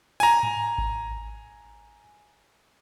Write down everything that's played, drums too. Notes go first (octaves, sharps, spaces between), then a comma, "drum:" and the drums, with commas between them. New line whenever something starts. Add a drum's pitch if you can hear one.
G#5 A#5, drum: open hi-hat
drum: tom G#2
drum: kick G#1